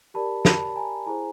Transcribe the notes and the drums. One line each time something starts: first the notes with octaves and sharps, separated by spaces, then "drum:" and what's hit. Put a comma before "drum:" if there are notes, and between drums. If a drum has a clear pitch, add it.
G4 A#4 D5 A5 B5
A5 B5, drum: snare
G#5 A#5
E4 G#4 C5 G#5 A#5